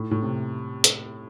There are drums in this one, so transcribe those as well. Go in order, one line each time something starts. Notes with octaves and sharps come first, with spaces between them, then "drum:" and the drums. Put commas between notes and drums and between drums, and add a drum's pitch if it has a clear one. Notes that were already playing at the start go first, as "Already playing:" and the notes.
Already playing: A2
A2
C3
drum: hi-hat